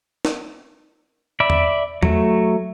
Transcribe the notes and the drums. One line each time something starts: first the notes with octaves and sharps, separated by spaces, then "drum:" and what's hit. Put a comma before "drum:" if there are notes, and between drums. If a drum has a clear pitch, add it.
drum: snare
D5 E5 B5
drum: tom E2
F#3 A3, drum: tom E2